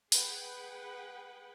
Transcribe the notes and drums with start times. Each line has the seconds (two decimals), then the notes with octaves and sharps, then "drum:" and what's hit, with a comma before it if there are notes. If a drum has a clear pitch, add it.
0.12 G#4 B4 F#5 G5, drum: open hi-hat